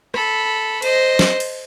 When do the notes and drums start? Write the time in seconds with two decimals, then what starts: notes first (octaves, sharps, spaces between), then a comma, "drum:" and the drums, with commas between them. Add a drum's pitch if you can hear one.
0.14 A4 B5, drum: rim click
0.82 C5 D#5, drum: cymbal
1.19 drum: snare
1.40 drum: cymbal